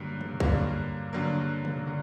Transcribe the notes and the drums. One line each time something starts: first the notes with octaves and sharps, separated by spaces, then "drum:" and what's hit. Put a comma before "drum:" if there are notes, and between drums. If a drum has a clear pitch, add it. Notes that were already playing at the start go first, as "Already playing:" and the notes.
Already playing: G2 D3 F#3 A#3
drum: tom
G2 D3 F#3 A#3, drum: kick
G2 D3 F#3 A#3
drum: tom
D3